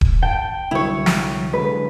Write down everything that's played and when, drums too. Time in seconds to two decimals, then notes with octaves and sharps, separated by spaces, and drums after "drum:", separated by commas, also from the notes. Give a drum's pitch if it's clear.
0.01 drum: kick D#1
0.22 G5 A5
0.71 C2 D3 F#3 E4 C#5
1.06 drum: snare
1.53 D3 F#3 G#3 B4